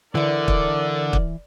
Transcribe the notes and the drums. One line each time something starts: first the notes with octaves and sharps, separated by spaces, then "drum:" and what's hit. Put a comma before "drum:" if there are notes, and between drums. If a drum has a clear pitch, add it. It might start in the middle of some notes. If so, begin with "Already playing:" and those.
D3 E3 E4 A#4 D5
drum: kick
drum: kick